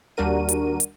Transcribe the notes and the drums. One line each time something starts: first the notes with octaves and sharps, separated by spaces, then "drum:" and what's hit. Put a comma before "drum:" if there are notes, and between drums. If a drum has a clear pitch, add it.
D#2 G3 D4 F#4 A#4 D#7
drum: hi-hat
drum: hi-hat